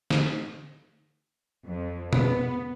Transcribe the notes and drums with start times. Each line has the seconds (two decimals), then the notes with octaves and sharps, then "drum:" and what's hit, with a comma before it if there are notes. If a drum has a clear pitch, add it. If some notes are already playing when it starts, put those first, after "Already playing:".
0.10 drum: snare
1.66 F2
2.13 B3, drum: tom B2